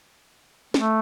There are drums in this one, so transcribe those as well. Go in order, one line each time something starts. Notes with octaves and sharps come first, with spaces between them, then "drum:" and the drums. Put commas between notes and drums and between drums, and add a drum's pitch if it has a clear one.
A3, drum: snare